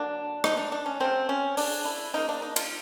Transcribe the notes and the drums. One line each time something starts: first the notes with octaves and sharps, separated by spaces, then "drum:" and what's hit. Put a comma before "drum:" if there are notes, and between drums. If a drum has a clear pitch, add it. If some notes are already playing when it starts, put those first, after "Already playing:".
Already playing: D3 F#3 A#3 D4
D#4, drum: rim click
D4
D4
C#4
C#3 F#3 A3 C4
C#4
D4, drum: open hi-hat
E4
C#3 F3 A#3 D#4
D4
D#4
F4, drum: cymbal